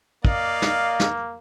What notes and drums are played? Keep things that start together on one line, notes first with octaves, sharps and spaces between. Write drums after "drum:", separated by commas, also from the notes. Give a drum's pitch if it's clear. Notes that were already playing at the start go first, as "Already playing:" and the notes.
A#3 D5 D#5 F5, drum: kick
drum: snare
drum: snare